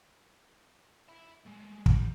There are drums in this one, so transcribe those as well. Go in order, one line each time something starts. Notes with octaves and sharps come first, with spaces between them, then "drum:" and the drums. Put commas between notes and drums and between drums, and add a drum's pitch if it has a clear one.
E5 B5
G#3 A3
F#3 G4, drum: kick